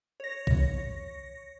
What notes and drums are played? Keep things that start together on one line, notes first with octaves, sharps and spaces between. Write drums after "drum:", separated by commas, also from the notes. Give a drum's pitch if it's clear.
C#5 A#6
drum: kick